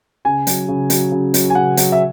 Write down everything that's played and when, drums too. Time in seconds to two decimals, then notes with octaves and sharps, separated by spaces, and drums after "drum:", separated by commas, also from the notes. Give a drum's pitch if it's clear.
0.25 C#3 G#5
0.47 F#3, drum: hi-hat
0.68 C#3
0.90 F#3, drum: hi-hat
1.11 C#3
1.34 F#3, drum: hi-hat
1.50 G#5
1.55 C#3 F#5
1.77 F#3, drum: hi-hat
1.92 E5